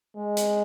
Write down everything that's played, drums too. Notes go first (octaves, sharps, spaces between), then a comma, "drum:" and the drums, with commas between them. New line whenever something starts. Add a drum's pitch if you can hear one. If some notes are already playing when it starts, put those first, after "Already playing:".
G#3
drum: hi-hat